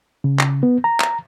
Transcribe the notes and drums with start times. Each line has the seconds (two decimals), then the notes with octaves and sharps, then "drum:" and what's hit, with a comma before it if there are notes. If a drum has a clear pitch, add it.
0.24 C#3
0.39 drum: clap
0.63 B3
0.84 A#5
1.00 drum: clap